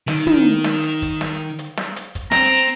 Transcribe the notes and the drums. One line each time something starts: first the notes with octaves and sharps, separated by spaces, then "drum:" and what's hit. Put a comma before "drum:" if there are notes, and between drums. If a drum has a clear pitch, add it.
D#3, drum: snare
drum: tom
drum: snare
drum: hi-hat
drum: kick, hi-hat
drum: snare
drum: hi-hat
drum: snare
drum: hi-hat
drum: kick, hi-hat
C4 A#5, drum: snare